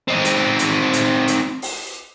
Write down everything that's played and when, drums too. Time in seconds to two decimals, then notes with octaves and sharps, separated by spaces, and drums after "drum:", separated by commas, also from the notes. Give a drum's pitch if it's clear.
0.08 C4 D#4
0.25 drum: hi-hat
0.59 drum: hi-hat
0.94 drum: hi-hat
1.28 drum: hi-hat
1.62 drum: open hi-hat